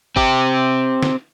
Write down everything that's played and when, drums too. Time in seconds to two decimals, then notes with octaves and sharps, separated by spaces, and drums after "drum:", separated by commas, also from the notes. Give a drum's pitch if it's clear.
0.16 C4 G4, drum: kick G1
1.03 drum: snare